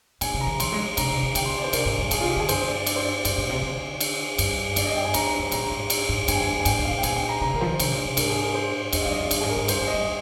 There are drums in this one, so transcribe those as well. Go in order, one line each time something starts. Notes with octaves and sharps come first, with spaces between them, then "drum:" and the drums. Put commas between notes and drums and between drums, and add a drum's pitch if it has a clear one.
A#2 G#5, drum: cymbal
C3
A#5
D#3
F3 C6, drum: cymbal
G#3
C3 A#5, drum: cymbal
C3
C3
D3 G5, drum: cymbal
C6
D5
C5
C3 A#4, drum: cymbal
G#2
G2
A#2 G#4, drum: cymbal
C3 F4
G4
D3 G#4
G2 C5, drum: cymbal
D5
D5, drum: cymbal
C5
D5
G2 C5, drum: cymbal
A#2
C3
D3
drum: cymbal
G2, drum: cymbal
G2 D5, drum: cymbal
D#5
G5
G#5
F2 A#5, drum: cymbal
G2
A#2 A#5, drum: cymbal
G#2
drum: cymbal
G#2
G2 G#5, drum: cymbal
G5
F2 G#5
G2
G#5
G#2 G5, drum: cymbal
A#2
F5
A#2
G5
A#2 G#5, drum: cymbal
G5
A#5
C3 A#5
D3 A#4
F3 C5
D#3
C3, drum: cymbal
A#2
C3
G#2 A#4, drum: cymbal
G#4
A#4
C5
F2 D#5, drum: cymbal
G2 D5 F5
D#5
F2 F5
G2, drum: cymbal
G#2 G#4
A#4
G#2
G2 C5, drum: cymbal
G2
D#5
G2